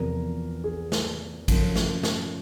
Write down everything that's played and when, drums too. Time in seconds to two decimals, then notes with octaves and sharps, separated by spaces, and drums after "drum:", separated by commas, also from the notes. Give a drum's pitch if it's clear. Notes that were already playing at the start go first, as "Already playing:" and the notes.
Already playing: E2 C3 F3 A#4
0.64 G#4
0.92 drum: snare
1.48 F#2 C#3 F3, drum: kick G#1, cymbal
1.76 drum: snare
2.03 drum: snare